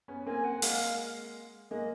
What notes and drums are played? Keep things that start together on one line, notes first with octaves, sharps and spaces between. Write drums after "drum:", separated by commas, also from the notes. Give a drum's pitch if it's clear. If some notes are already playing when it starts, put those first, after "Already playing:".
B3 C#4
A#3 C4 G#5
F#5
G#3 A#3 F5, drum: open hi-hat
G#3 A#3 D#5